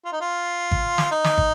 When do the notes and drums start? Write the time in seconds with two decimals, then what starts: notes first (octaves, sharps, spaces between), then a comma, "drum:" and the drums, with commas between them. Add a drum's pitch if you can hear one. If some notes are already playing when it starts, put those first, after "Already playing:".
0.05 F4
0.13 D#4
0.21 F4
0.71 drum: kick
0.98 drum: snare
1.11 D#4
1.24 drum: snare
1.38 drum: kick